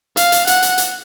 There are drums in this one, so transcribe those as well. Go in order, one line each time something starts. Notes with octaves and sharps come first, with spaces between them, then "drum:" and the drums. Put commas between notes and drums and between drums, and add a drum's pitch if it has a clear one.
F5, drum: hi-hat
drum: hi-hat
F#5, drum: hi-hat
drum: hi-hat
drum: hi-hat